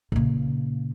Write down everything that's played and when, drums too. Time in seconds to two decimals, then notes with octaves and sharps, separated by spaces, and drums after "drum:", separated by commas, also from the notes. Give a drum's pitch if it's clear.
0.12 A#2 C#3, drum: kick